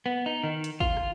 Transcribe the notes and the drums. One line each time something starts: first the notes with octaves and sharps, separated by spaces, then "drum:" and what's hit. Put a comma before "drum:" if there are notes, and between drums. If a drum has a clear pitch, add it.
B3
D#4
D#3
drum: hi-hat
F4, drum: kick
drum: rim click